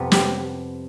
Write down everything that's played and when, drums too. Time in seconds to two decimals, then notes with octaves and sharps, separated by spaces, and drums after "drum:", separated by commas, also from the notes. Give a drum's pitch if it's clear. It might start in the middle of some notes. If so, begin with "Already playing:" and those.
Already playing: F2 C3 G3 B3
0.12 G4, drum: snare